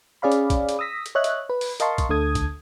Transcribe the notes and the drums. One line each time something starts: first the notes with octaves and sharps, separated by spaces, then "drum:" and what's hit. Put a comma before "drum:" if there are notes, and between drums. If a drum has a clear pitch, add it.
C#4 G#4 D5 F5 B5
drum: hi-hat
drum: kick, hi-hat
drum: hi-hat
D#6 E6 A#6 B6
drum: hi-hat
C#5 D#5 E5 F#6
drum: hi-hat
B4
drum: open hi-hat
A#4 D#5 F5 A5 C6 C#6, drum: hi-hat
drum: kick, hi-hat
D2 D3 A4 D#6 G#6
drum: kick, hi-hat